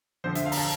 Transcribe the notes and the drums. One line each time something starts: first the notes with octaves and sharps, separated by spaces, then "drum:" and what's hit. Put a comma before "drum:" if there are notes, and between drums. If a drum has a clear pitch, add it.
F2 D3 F3 C5
E5, drum: hi-hat
F5
A#5, drum: open hi-hat
A5